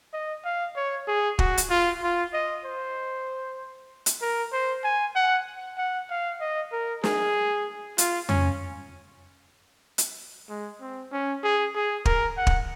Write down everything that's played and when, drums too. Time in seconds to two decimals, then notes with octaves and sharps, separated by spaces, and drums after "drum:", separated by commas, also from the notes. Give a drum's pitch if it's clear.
0.13 D#5
0.45 F5
0.76 C#5
1.08 G#4
1.39 F#4, drum: kick
1.57 drum: hi-hat
1.70 F4
2.02 F4
2.33 D#5
2.65 C5
4.06 drum: hi-hat
4.22 A#4
4.53 C5
4.84 G#5
5.16 F#5
5.78 F#5
6.10 F5
6.40 D#5
6.72 A#4
7.04 G#4, drum: snare
7.98 F4, drum: hi-hat
8.29 C#4, drum: tom F2
9.98 drum: hi-hat
10.49 G#3
10.81 C4
11.12 C#4
11.44 G#4
11.75 G#4
12.05 A#4, drum: kick
12.37 F#5
12.47 drum: kick